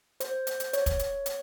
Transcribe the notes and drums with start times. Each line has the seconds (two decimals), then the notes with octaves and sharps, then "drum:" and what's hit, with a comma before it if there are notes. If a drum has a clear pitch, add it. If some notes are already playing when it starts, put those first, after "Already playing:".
0.20 C5, drum: hi-hat
0.47 drum: hi-hat
0.60 drum: hi-hat
0.73 C#5, drum: hi-hat
0.86 drum: kick, hi-hat
0.99 drum: hi-hat
1.26 drum: hi-hat